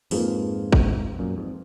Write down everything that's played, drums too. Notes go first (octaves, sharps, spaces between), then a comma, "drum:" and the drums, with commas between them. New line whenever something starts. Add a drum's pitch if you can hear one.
F2 G#2 A#3 F4 G#4 B4, drum: open hi-hat
drum: kick
F#2 A#2
F2 G#2